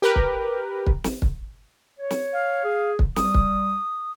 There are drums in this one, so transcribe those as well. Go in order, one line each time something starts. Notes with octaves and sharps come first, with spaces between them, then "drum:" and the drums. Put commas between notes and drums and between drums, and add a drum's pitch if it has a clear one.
G4 A#4 B4
drum: kick
drum: kick
drum: snare
drum: kick
C#5
drum: snare
F5
G#4
drum: kick
G3 D#6, drum: snare
drum: kick